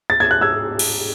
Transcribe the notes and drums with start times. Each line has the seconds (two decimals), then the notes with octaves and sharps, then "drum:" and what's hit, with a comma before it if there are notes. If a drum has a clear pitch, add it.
0.10 A6
0.20 G#6
0.31 F#6
0.41 E6 G#6
0.79 drum: cymbal